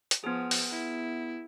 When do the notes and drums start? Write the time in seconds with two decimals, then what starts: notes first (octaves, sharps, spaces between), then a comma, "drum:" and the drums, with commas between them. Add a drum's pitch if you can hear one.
0.11 drum: hi-hat
0.24 F3 B3 G#4
0.51 drum: open hi-hat
0.71 E4